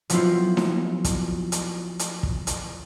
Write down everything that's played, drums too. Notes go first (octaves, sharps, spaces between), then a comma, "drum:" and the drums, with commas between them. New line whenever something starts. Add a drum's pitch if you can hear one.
F3 F#3 B3 C4 E4 F4, drum: hi-hat
drum: snare D#4
drum: kick, hi-hat
drum: hi-hat
drum: hi-hat
drum: kick
drum: hi-hat